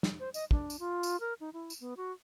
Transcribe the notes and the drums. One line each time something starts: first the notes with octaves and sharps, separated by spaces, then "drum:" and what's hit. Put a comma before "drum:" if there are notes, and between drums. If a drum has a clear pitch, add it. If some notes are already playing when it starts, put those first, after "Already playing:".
drum: snare
C5
D#5, drum: tambourine
D4, drum: kick
drum: tambourine
F4
drum: tambourine
A#4
D#4
E4
drum: tambourine
B3
F#4